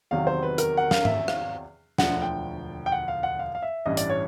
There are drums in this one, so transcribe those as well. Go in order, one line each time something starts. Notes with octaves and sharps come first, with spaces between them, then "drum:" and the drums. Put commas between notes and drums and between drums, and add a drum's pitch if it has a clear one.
E2 C3 D#3 F#3 F5
C5
B4
A#4, drum: hi-hat
F#5
F5, drum: snare
E5, drum: tom G#2
F5, drum: rim click
E1 D2 D3 F3 F#5, drum: snare
G5
G5
F#5
F5
F#5
F5
F5
E5
A1 G2 E3 D#5
D5, drum: hi-hat
C#5